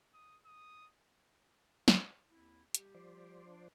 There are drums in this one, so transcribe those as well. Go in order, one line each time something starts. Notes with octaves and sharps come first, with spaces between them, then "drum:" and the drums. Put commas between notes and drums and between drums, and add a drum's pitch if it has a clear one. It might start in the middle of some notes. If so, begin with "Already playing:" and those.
D#6
D#6
drum: snare
D#2 C4 E4
G3 G4, drum: hi-hat
F3 C5 D5
D4